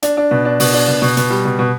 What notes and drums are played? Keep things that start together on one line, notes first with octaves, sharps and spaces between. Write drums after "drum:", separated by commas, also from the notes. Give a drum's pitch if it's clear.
D4, drum: hi-hat
D4
B2
D4
B2, drum: open hi-hat
D4
B2
B2
B2, drum: hi-hat
G3
B2
B2